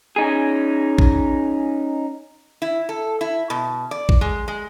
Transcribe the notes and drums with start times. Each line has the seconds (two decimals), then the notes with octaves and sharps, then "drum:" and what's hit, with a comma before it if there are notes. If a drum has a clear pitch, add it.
0.16 C#4 D#4 G#4
0.99 drum: kick
2.62 E4
2.89 A4
3.21 E4
3.50 B2
3.91 D5
4.09 drum: kick
4.21 G#3
4.48 G#3